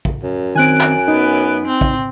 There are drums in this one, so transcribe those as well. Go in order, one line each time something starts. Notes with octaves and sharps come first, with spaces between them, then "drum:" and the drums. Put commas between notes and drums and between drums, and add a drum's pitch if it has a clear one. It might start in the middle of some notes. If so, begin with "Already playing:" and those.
drum: kick
F#2
D#3 C4 G#5 F#6 D7
drum: clap
B3 D#4
C4
drum: kick